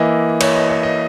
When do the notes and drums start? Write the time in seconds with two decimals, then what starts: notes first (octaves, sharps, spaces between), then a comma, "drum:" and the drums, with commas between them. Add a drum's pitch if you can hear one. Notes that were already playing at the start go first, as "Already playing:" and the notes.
Already playing: E3 A#3 E4 D#5
0.41 C#5, drum: cymbal
0.55 D#5
0.69 C#5
0.83 D#5